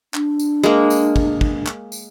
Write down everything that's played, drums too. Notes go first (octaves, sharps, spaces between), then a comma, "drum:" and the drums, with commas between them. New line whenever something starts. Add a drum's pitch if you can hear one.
D4, drum: clap
drum: tambourine
G#3 A#3
drum: tambourine
drum: kick
drum: kick
drum: clap
drum: tambourine